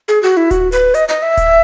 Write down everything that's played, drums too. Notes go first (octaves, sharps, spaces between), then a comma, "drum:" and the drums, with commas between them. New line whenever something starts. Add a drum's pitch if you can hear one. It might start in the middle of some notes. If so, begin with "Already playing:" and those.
G#4
F#4
E4
F#4, drum: kick D1, hi-hat
B4, drum: hi-hat
D#5, drum: hi-hat
D#5
E5
drum: kick D1, hi-hat